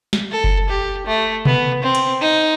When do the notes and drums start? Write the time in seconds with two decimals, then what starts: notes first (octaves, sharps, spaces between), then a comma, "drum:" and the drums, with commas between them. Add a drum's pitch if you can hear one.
0.13 drum: snare
0.31 A4
0.44 drum: kick F#1
0.70 G4
1.07 A3
1.45 B3, drum: tom B2
1.83 C4
1.95 drum: cymbal
2.21 D#4